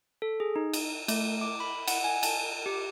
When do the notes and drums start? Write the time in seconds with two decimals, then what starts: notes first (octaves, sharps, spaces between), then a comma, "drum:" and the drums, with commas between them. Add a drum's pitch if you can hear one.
0.22 A4
0.40 G#4
0.56 D#4
0.73 drum: cymbal
1.08 A3, drum: cymbal
1.41 D6
1.60 B5
1.87 F#5, drum: cymbal
2.04 G#5
2.23 A5, drum: cymbal
2.66 G4